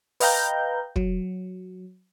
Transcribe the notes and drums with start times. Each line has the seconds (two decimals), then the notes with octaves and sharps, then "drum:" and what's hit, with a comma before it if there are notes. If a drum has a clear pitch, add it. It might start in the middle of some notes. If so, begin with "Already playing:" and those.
0.20 B4 D#5 F5 G5 A#5 G6, drum: open hi-hat
0.96 F#3, drum: kick